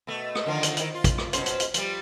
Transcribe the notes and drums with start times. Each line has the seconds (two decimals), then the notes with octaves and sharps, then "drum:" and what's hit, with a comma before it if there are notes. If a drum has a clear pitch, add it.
0.07 B2 A3
0.35 drum: rim click
0.46 D3 D#3 F3
0.63 drum: hi-hat
0.77 D#3 E4, drum: hi-hat
0.94 F4
1.04 drum: kick, hi-hat
1.18 drum: rim click
1.33 B2 C#4 C5, drum: hi-hat
1.46 drum: hi-hat
1.60 drum: hi-hat
1.74 F3 G3, drum: hi-hat